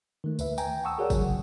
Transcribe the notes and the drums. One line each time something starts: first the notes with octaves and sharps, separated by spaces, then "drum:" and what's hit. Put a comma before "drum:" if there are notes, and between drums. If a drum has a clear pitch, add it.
D#3 A3
D2 B4 E5, drum: tambourine
G5 G#5 A#5, drum: tambourine
F#5 A5 C#6 D#6 E6
F#4 G#4 A#4 C#5 D5 F#5
C#3 F#3, drum: kick, tambourine